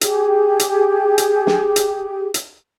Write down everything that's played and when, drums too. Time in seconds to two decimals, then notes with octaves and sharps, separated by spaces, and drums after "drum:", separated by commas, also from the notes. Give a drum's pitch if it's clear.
0.01 G4 G#4, drum: hi-hat
0.59 drum: hi-hat
1.18 drum: hi-hat
1.47 drum: snare
1.76 drum: hi-hat
2.34 drum: hi-hat